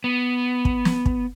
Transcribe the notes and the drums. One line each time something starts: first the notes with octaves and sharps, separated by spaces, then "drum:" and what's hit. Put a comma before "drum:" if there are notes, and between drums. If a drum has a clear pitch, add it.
B3
drum: kick
drum: snare
drum: kick